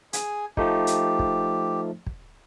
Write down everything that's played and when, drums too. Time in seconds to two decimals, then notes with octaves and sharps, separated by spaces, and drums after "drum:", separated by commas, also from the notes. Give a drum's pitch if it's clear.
0.13 G#4 G#5, drum: hi-hat
0.57 F3 A3 D#4 G4, drum: kick
0.87 drum: hi-hat
1.19 drum: kick
2.06 drum: kick